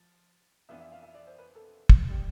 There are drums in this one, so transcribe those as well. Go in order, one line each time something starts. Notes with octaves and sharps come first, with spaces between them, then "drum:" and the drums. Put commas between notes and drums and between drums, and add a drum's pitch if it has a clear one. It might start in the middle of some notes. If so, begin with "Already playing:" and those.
Already playing: F3
F2 E3 B3 D4 F4 E5
E5
F5
E5
D5
C5
B4
A4
drum: kick
A2 G3 D4 G4